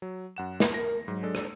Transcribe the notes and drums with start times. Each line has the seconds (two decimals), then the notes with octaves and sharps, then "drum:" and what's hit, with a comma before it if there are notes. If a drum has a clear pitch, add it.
0.02 F#3
0.36 F#2 F#5 E7
0.60 drum: snare
0.74 A#4 A#6
1.08 G#2 F#3
1.23 G#3 D4 A4
1.35 drum: rim click